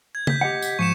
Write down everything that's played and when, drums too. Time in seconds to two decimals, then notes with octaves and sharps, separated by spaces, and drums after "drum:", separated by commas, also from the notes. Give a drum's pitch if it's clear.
0.15 G#6
0.27 G6 B6, drum: tom
0.41 G4 D#5 F#5
0.62 drum: tambourine
0.79 G#2 F3 C#6 C#7 E7